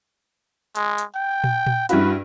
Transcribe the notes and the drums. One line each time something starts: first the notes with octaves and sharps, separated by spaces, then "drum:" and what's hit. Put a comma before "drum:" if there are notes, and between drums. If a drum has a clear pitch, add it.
G#3, drum: hi-hat
drum: hi-hat
G5
drum: tom
drum: tom A#2
G2 E4 F#4 B4, drum: hi-hat